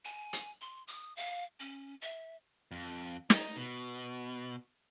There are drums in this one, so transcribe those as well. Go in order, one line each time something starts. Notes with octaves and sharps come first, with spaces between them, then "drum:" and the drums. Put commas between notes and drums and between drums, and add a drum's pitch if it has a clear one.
G#5
drum: hi-hat
C6
D#6
F5
C#4
E5
F2
D#4, drum: snare
B2